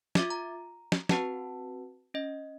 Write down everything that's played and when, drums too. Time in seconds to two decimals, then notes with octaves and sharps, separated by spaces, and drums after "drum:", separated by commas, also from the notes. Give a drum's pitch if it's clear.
0.15 F4 E5 D6 G#6 A6, drum: snare
0.30 A#5
0.92 drum: snare
1.09 C4 F#4 B4 F#5 A5, drum: snare
2.14 C#4 D#5